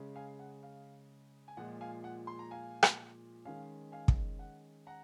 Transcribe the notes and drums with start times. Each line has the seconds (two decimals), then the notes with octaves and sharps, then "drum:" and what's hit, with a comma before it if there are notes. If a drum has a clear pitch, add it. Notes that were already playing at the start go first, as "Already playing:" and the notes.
Already playing: C#3 G#3 C#4
0.16 F5 G#5
0.39 F#5
0.63 F5
1.48 G#5
1.57 A#2 F3 G#3 F#5
1.81 F5 G#5
2.04 F#5
2.27 C6
2.39 A#5
2.51 F5 G#5
2.83 drum: rim click
3.45 D#3 G#3 C#4 F5 G#5
3.92 F5 G#5
4.08 drum: kick
4.39 F#5
4.87 F#5 A#5